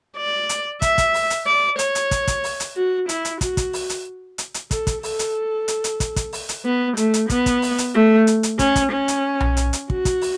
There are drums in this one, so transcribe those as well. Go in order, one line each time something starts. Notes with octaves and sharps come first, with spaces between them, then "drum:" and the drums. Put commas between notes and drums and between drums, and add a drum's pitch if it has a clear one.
D5
drum: hi-hat
E5, drum: kick, hi-hat
drum: kick, hi-hat
drum: open hi-hat
drum: hi-hat
D5
C#5, drum: hi-hat
drum: hi-hat
drum: kick, hi-hat
drum: kick, hi-hat
drum: open hi-hat
drum: hi-hat
F#4
E4, drum: hi-hat
drum: hi-hat
F#4, drum: kick, hi-hat
drum: kick, hi-hat
drum: open hi-hat
drum: hi-hat
drum: hi-hat
drum: hi-hat
A4, drum: kick, hi-hat
drum: kick, hi-hat
A4, drum: open hi-hat
drum: hi-hat
drum: hi-hat
drum: hi-hat
drum: kick, hi-hat
drum: kick, hi-hat
drum: open hi-hat
drum: hi-hat
B3
A3, drum: hi-hat
drum: hi-hat
B3, drum: kick, hi-hat
drum: kick, hi-hat
drum: open hi-hat
drum: hi-hat
A3
drum: hi-hat
drum: hi-hat
C#4, drum: kick, hi-hat
drum: kick, hi-hat
C#4
drum: hi-hat
drum: tom B1
drum: hi-hat
drum: hi-hat
F#4, drum: kick
drum: kick, hi-hat
drum: open hi-hat